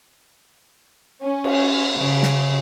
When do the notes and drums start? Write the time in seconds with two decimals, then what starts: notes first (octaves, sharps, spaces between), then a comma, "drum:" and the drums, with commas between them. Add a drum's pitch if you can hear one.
1.23 C#4
1.44 drum: cymbal
1.97 C#3
2.23 drum: snare